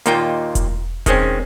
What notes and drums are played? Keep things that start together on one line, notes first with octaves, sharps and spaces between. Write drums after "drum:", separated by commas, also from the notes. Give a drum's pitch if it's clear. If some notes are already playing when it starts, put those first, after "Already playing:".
D#2 A#2 A#3 D#4 F4 G5, drum: hi-hat
drum: kick E1, hi-hat
D#3 G#3 C4 C#4, drum: kick E1, hi-hat